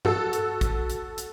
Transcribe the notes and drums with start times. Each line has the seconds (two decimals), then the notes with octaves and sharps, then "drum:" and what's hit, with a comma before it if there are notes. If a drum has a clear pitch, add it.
0.05 F#4 A4 E6, drum: tom G2
0.33 drum: hi-hat
0.61 drum: kick, hi-hat
0.90 drum: hi-hat
1.18 drum: hi-hat